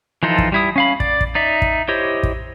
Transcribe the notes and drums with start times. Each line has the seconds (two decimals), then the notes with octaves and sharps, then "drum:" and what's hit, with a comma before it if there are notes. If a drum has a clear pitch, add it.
0.23 E3 F3 D#4 F4 A4
0.38 drum: kick
0.52 G3 E4 D#6
0.76 C#4 F5 B5
1.00 D5, drum: kick
1.21 drum: kick
1.35 D#4 D5 E5
1.62 drum: kick
1.88 E4 G4 C5 C#5 D#5
2.23 drum: kick